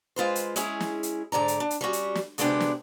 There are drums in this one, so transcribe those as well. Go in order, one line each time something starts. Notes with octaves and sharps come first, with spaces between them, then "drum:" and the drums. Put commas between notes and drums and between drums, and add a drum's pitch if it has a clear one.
G#3 F4 B4 C5
drum: hi-hat
G#3 C#4 E4 G#4, drum: hi-hat
drum: snare
drum: hi-hat
G#2 D3 D5 A#5
drum: hi-hat
D4
drum: hi-hat
G3 C#4 F#4
drum: hi-hat
drum: snare
D2 C3 G#3 B3 D4 G5, drum: hi-hat
drum: snare